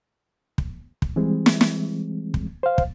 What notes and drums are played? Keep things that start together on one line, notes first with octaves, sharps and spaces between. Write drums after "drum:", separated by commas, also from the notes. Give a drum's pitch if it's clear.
drum: kick
drum: kick
E3 G3 G#3 C4
drum: snare
drum: snare
drum: kick
C5 F5
drum: kick